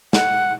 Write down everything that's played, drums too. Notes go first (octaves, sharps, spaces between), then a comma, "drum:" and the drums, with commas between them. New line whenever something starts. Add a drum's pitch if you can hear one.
F#5, drum: snare